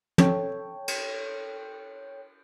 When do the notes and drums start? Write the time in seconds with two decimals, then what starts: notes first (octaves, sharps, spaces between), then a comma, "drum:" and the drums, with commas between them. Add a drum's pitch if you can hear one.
0.18 A4 C#5 G5, drum: tom
0.88 drum: cymbal